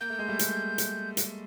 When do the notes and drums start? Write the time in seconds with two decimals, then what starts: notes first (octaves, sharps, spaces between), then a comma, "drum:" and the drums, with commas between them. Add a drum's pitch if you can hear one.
0.01 A#3 G6
0.10 A3
0.19 G#3
0.29 G3 A3
0.39 drum: hi-hat
0.78 drum: hi-hat
1.17 drum: hi-hat